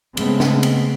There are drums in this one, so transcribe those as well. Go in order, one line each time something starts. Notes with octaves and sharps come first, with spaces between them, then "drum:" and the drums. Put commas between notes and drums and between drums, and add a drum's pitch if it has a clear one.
C#3 G#3 A3 B3 C4, drum: cymbal
drum: snare
drum: cymbal